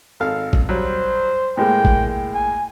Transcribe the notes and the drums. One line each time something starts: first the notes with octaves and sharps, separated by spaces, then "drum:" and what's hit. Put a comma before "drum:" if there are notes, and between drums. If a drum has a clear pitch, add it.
G#1 A4 F5
drum: kick
F#3 G3 C5
A2 G#3 A#3 G5
drum: kick
G#5